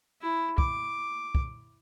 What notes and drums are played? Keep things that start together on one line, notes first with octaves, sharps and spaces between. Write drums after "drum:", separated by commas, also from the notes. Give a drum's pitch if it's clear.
E4
D6, drum: kick
drum: kick